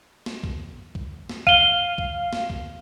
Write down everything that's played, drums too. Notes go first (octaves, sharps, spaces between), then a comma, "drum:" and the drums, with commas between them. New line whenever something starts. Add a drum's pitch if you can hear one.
drum: snare
drum: kick
drum: kick
drum: snare
F5 D#7 G7, drum: kick
drum: kick
drum: snare
drum: kick